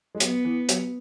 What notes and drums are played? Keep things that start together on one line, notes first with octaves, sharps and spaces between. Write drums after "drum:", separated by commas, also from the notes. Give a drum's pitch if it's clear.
G#3
F#3 B3, drum: hi-hat
E3
F#3, drum: hi-hat